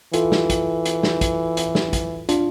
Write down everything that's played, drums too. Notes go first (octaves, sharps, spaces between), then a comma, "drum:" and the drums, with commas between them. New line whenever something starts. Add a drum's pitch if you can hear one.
E3 F4 A4, drum: hi-hat
drum: snare
drum: kick, hi-hat
drum: hi-hat
drum: snare
drum: kick, hi-hat
drum: hi-hat
drum: snare
drum: kick, hi-hat
D4 F4, drum: hi-hat